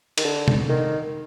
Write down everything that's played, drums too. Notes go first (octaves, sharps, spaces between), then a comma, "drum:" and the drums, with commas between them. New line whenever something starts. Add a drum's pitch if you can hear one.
D#3, drum: cymbal
D3
drum: tom
D#3